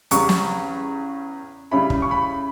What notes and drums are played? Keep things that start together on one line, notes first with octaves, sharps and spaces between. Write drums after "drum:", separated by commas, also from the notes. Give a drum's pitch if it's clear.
E2 C#3 G3 C#6, drum: hi-hat
drum: snare
C#3 G3 C#4 E4 B5
drum: kick
C#6
B5